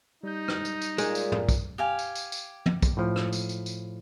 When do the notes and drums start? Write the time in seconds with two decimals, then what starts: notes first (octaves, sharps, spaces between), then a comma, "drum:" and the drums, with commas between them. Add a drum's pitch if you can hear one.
0.23 G3 D#4 G6
0.48 drum: rim click
0.65 drum: tambourine
0.82 drum: tambourine
0.98 A#2 G#3, drum: tambourine
1.15 drum: tambourine
1.32 drum: tom
1.49 drum: kick, tambourine
1.78 G4 F5 G#5
1.99 drum: tambourine
2.15 drum: tambourine
2.32 drum: tambourine
2.66 drum: tom
2.82 drum: kick, tambourine
2.97 A2 F3
3.16 drum: rim click
3.33 drum: tambourine
3.49 drum: tambourine
3.66 drum: tambourine